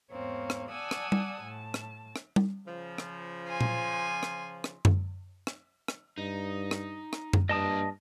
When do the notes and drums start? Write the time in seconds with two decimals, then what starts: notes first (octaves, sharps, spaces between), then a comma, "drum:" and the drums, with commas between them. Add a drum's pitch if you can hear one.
0.11 E2 G#2 A#3 C4 C#5
0.50 drum: rim click
0.71 D5 F#5 G#5 A5 D#6 E6
0.91 drum: rim click
1.12 drum: tom G3
1.43 A2 A5
1.74 drum: rim click
2.16 drum: rim click
2.36 drum: tom G3
2.67 C#3 F3
2.98 drum: rim click
3.48 G#5 C6
3.61 drum: tom A#2
4.23 drum: rim click
4.64 drum: rim click
4.85 drum: tom F#2
5.47 drum: rim click
5.88 drum: rim click
6.18 G2 D#4
6.71 drum: rim click
7.13 drum: rim click
7.33 drum: tom F#2
7.49 G2 A#3 D4 D#5 A5 D#6